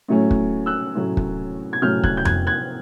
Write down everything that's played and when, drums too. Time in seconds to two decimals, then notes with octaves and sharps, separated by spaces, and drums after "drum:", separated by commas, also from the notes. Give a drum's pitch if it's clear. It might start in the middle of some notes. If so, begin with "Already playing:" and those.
0.08 A2 F#3 A3 C#4
0.31 drum: kick
0.66 E6 F#6
0.95 A2 F#3 A3 C#4
1.17 drum: kick
1.73 G#6
1.82 A2 F#3 A3 C#4 F6 G6
2.04 F#6 G#6, drum: kick
2.17 G6
2.25 F#6 G#6, drum: tom F2
2.47 F#6 G#6